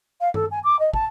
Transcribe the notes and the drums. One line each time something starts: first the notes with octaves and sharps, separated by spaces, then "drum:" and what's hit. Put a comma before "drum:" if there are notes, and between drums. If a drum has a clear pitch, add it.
F5
A4, drum: tom G2
G#5
D6
D#5
A5, drum: kick